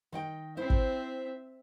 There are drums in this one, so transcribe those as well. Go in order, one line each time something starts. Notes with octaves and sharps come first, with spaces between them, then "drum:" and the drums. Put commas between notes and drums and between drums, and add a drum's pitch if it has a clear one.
D#3 D#5 G5
C4 E4 C5 E5
drum: kick